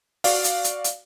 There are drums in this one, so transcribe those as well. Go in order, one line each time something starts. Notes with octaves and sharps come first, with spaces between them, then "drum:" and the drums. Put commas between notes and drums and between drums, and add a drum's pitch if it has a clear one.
F#4 D5 F5, drum: open hi-hat
drum: hi-hat
drum: hi-hat
drum: hi-hat